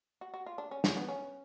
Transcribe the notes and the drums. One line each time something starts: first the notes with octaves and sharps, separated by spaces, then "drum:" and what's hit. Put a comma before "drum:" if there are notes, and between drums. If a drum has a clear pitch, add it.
F#4
F#4
F4
D4
C#4
C#4, drum: snare
B3
C#4